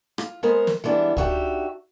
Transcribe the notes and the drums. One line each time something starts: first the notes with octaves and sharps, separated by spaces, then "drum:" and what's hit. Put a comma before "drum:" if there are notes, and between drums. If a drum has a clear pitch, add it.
F4, drum: rim click
G#3 B3 A#4 C5
drum: snare
E3 G3 G#3 B3 D4 E4
D4 D#4 F#4 G4 E5, drum: kick C#2